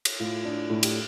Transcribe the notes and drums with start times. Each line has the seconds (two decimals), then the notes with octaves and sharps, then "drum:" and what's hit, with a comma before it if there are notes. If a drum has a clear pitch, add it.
0.05 drum: cymbal
0.20 A2 F4
0.45 D4
0.70 A2
0.83 G4, drum: cymbal